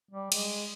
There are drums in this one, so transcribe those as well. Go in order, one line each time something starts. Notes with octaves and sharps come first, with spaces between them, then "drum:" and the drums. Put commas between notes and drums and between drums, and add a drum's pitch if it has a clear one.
G3
G#3, drum: cymbal